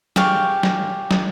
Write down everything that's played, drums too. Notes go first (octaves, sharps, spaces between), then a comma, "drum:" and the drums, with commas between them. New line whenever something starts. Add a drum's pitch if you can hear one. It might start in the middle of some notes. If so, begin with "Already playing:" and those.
G4 G#4 F5 C#6, drum: snare
drum: snare
drum: snare